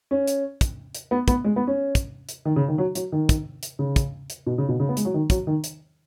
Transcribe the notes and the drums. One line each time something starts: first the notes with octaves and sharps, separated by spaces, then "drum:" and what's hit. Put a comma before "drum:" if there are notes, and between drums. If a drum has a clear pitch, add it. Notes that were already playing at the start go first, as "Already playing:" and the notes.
C#4
drum: hi-hat
drum: kick, hi-hat
drum: hi-hat
B3
B3, drum: kick, hi-hat
G#3
B3
C#4
drum: kick, hi-hat
drum: hi-hat
D#3
C#3
D#3
F#3
F#3, drum: hi-hat
D#3
drum: kick, hi-hat
drum: hi-hat
C#3
drum: kick, hi-hat
drum: hi-hat
B2
C#3
B2
C#3
B3
G#3, drum: hi-hat
F#3
D#3
F#3, drum: kick, hi-hat
D#3
drum: hi-hat